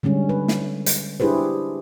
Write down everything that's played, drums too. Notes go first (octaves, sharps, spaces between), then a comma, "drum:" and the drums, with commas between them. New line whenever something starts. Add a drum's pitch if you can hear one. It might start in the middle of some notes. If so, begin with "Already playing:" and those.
D3 G3 G#3 C#4
B4
drum: snare
drum: hi-hat
D4 E4 G4 G#4 B4 C5